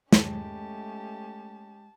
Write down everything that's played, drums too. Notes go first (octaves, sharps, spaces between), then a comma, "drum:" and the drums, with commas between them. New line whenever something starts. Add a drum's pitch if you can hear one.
G#3 A3 C#4 G4 A5, drum: snare